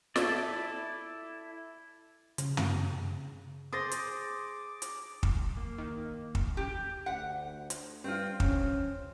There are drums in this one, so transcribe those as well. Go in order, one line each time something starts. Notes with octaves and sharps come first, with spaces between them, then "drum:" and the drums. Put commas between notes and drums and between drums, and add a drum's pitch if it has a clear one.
E4 A4 D5, drum: snare
C#3, drum: hi-hat
drum: tom
G#4 C5 D6 D#6 A6 A#6
drum: hi-hat
drum: hi-hat
drum: kick
A#3
D#3
drum: kick
G4
D2 F#5
drum: hi-hat
G2 C4 F4
C#4, drum: kick